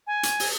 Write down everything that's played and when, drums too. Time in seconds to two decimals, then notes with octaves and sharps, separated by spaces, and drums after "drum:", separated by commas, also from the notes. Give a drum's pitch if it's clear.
0.07 G#5
0.23 drum: hi-hat
0.40 drum: open hi-hat